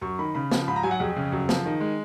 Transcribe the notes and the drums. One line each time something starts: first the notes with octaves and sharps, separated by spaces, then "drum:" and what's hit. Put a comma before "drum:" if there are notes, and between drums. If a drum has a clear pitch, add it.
F#2 C#6
D#3 B5
C#3 B5
F3, drum: snare
G#2 B5
A#5
F#3 G#5
F#5
F2 G#4
C#3
F#2
F3, drum: snare
D#3
G#3